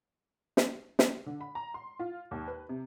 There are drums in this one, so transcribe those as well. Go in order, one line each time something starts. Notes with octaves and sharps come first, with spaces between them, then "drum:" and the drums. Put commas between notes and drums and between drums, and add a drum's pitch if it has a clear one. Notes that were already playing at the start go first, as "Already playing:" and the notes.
drum: snare
drum: snare
D3
B5
A#5
C6
F4
D#2
B4
C3